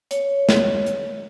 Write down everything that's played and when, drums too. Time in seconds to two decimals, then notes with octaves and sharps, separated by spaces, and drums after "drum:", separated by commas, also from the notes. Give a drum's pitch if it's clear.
0.11 C#5, drum: hi-hat
0.49 drum: snare
0.86 drum: hi-hat